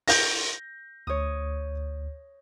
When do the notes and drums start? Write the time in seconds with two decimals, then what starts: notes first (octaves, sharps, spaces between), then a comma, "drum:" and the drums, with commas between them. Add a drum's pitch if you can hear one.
0.08 G6 A#6, drum: open hi-hat
1.07 D2 C#5 D#6